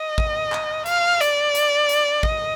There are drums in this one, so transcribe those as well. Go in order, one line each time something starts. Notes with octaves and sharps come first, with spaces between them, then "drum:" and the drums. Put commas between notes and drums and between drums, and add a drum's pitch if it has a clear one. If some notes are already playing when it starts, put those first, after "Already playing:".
Already playing: D#5
drum: kick
drum: clap
F5, drum: hi-hat
D5, drum: hi-hat
drum: hi-hat
drum: hi-hat
D#5, drum: kick